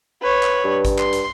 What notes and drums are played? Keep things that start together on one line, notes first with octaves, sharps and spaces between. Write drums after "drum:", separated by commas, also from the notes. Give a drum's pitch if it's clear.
B4 C#5
drum: clap
G2
drum: kick G#1, hi-hat
C6, drum: clap
drum: hi-hat